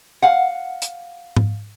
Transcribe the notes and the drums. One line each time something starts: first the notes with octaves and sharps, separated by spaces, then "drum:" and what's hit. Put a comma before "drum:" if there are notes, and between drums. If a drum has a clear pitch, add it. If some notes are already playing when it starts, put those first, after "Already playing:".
F5 F#5
drum: hi-hat
drum: tom G#2